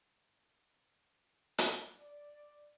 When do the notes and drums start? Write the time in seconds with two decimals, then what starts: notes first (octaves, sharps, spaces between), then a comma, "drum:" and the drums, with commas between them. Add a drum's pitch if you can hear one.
1.58 drum: hi-hat
1.97 D5